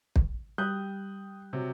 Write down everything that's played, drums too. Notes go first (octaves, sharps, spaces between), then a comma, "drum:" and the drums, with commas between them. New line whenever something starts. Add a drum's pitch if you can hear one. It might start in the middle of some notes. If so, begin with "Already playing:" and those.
drum: kick
G3 D#6 F#6 G6
C3 F#3